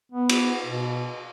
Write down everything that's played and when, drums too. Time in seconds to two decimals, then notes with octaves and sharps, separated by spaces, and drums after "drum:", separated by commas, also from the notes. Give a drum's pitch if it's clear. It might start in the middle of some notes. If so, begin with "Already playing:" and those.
0.12 B3
0.29 drum: cymbal
0.66 B2